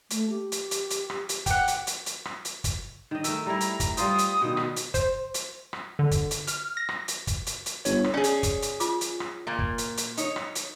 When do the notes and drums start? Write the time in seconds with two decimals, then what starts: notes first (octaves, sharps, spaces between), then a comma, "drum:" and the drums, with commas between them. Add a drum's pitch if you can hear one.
0.10 A3, drum: hi-hat
0.29 G4
0.52 drum: hi-hat
0.71 drum: hi-hat
0.90 drum: hi-hat
1.10 drum: rim click
1.29 drum: hi-hat
1.46 G4 F#5, drum: kick, hi-hat
1.68 drum: hi-hat
1.87 drum: hi-hat
2.06 drum: hi-hat
2.25 drum: rim click
2.45 drum: hi-hat
2.64 drum: kick, hi-hat
3.11 D#3 D#5
3.24 A3 A#4 E6, drum: hi-hat
3.46 G3 E4 A#5
3.61 drum: hi-hat
3.80 drum: kick, hi-hat
3.97 G3 F4 C5 D#6, drum: hi-hat
4.18 drum: hi-hat
4.42 B2 D#3
4.57 drum: rim click
4.76 drum: hi-hat
4.94 C5, drum: kick, hi-hat
5.34 drum: hi-hat
5.73 drum: rim click
5.99 D3
6.11 drum: kick, hi-hat
6.31 drum: hi-hat
6.47 F6, drum: hi-hat
6.77 A#6
6.89 drum: rim click
7.08 drum: hi-hat
7.27 drum: kick, hi-hat
7.46 drum: hi-hat
7.66 drum: hi-hat
7.85 G1 C#5, drum: hi-hat
8.04 drum: rim click
8.14 C#4 G#4 C#5 D5
8.24 drum: hi-hat
8.43 drum: kick, hi-hat
8.62 drum: hi-hat
8.80 F4 D6, drum: hi-hat
9.01 drum: hi-hat
9.20 drum: rim click
9.47 A#2 A#3
9.59 drum: kick
9.78 drum: hi-hat
9.97 drum: hi-hat
10.17 D#4 C#5, drum: hi-hat
10.36 drum: rim click
10.55 drum: hi-hat